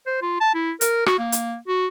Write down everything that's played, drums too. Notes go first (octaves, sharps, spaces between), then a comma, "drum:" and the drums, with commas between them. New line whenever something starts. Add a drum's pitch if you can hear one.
C5
F4
A5
E4
A#4, drum: hi-hat
F#4, drum: rim click
A#3
drum: hi-hat
F#4